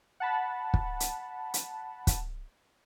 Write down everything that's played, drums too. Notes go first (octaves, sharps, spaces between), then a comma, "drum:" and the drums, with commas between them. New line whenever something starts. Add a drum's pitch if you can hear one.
F#5 A5 B5
drum: kick
drum: hi-hat
drum: hi-hat
drum: kick, hi-hat